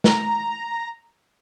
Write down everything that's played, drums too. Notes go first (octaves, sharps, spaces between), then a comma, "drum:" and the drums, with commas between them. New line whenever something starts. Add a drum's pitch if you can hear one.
A#5, drum: snare